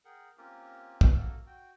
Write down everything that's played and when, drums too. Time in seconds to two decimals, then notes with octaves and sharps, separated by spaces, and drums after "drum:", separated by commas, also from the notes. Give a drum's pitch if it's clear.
0.05 G#4 A#4 F#5 G5
0.38 A#3 C4 C#4 F4 G4 A#4
1.01 drum: kick
1.10 A#3 F#4 A4 A#4
1.47 F#4 G5